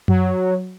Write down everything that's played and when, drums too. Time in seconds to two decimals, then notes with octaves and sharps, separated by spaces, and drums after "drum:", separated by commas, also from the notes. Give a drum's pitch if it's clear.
0.08 F#3, drum: tom F#2